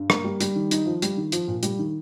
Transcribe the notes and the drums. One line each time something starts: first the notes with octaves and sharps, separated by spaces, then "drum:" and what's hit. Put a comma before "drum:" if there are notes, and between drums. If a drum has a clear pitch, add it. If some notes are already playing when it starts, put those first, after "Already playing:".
Already playing: G2
A#3, drum: rim click
G3
G3, drum: hi-hat
D#3
D#4, drum: hi-hat
F3
G3, drum: hi-hat
D#3
F3, drum: hi-hat
A#2
G3, drum: hi-hat
D#3